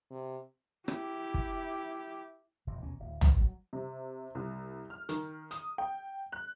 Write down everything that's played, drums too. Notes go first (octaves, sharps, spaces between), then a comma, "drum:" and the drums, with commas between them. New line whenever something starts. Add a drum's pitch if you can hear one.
C3
E4 G4, drum: rim click
drum: kick
F1 B1 C3 F3
D#2 B2 A#3 C#4
D1 D2
G2, drum: tom
F#3
C3
C2
F6
D#3, drum: hi-hat
D#6, drum: hi-hat
G5
F#6